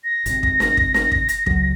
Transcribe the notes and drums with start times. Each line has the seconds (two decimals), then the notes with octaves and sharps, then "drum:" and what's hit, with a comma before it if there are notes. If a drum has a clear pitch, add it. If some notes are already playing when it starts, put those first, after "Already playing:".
0.04 A#6
0.26 G#1 C3, drum: hi-hat
0.43 drum: kick
0.60 drum: snare
0.77 drum: kick
0.94 drum: snare
1.12 drum: kick
1.29 drum: hi-hat
1.46 C#2 F#3, drum: kick